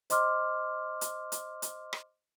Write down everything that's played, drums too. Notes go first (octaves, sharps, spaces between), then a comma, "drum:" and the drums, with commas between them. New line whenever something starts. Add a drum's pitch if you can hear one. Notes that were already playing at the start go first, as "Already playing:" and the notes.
C5 D#5 C6 D6 F6, drum: hi-hat
drum: hi-hat
drum: hi-hat
drum: hi-hat
drum: rim click